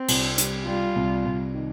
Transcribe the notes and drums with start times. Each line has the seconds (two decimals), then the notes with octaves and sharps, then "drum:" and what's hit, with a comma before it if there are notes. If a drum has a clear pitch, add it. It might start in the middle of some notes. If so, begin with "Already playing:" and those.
Already playing: C4
0.08 C2, drum: cymbal
0.38 G3, drum: hi-hat
0.66 G3 F4
0.96 C2
1.25 C2
1.54 D#3